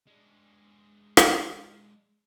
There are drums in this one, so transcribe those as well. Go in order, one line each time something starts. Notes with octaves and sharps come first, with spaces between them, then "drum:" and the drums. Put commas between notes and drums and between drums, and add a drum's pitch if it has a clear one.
G#3 D4
drum: rim click